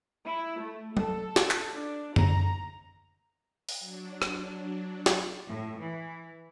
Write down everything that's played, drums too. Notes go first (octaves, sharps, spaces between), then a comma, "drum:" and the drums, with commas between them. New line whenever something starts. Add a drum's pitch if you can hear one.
E4
A3
A4, drum: tom
drum: snare
drum: clap
D4
A#5, drum: tom F#2
drum: open hi-hat
F#3 D4
drum: rim click
drum: snare
A2
E3